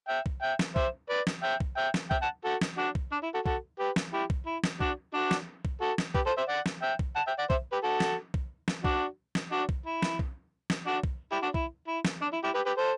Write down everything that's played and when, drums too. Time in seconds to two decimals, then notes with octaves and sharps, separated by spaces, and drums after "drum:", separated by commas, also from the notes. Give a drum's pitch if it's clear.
0.09 E5 G5
0.26 drum: kick B1
0.42 E5 G5
0.59 drum: snare
0.76 C5 E5, drum: kick B1
1.10 B4 D5
1.27 drum: snare
1.44 E5 G5
1.60 drum: kick B1
1.77 E5 G5
1.94 drum: snare
2.11 E5 G5, drum: kick B1
2.22 F#5 A5
2.45 F#4 A4
2.61 drum: snare
2.78 D4 F#4
2.95 drum: kick B1
3.12 D4
3.23 E4
3.34 F#4 A4
3.46 F#4 A4, drum: kick B1
3.79 G4 B4
3.96 drum: snare
4.13 E4 G4
4.30 drum: kick B1
4.47 E4
4.64 drum: snare
4.80 D4 F#4, drum: kick B1
5.14 D4 F#4
5.31 drum: snare
5.65 drum: kick B1
5.81 F#4 A4
5.98 drum: snare
6.15 G4 B4, drum: kick B1
6.26 A4 C5
6.37 C5 E5
6.49 D5 F#5
6.66 drum: snare
6.83 E5 G5
6.99 drum: kick B1
7.16 F#5 A5
7.27 E5 G5
7.39 D5 F#5
7.50 C5 E5, drum: kick B1
7.72 G4 B4
7.83 F#4 A4
8.00 drum: snare
8.34 drum: kick B1
8.68 drum: snare
8.84 D4 F#4, drum: kick B1
9.35 drum: snare
9.52 D4 F#4
9.69 drum: kick B1
9.86 E4
10.02 drum: snare
10.19 drum: kick B1
10.70 drum: snare
10.87 D4 F#4
11.04 drum: kick B1
11.32 E4 G4
11.43 D4 F#4
11.54 E4, drum: kick B1
11.87 E4
12.05 drum: snare
12.21 D4
12.33 E4
12.44 E4 G4
12.55 G4 B4
12.66 G4 B4
12.77 A4 C5